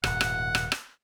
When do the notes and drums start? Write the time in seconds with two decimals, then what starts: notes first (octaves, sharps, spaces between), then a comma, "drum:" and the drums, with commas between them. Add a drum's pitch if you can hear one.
0.04 D#1 G#2 B2 F#5, drum: rim click
0.21 drum: rim click
0.55 drum: rim click
0.72 drum: rim click